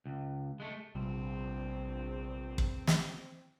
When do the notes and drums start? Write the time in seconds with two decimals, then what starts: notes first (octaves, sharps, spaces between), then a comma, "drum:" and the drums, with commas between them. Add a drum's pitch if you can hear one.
0.06 C#2
0.60 G#3 A3
0.95 A#1 E2 C3 G3 C4
2.58 drum: kick
2.87 drum: snare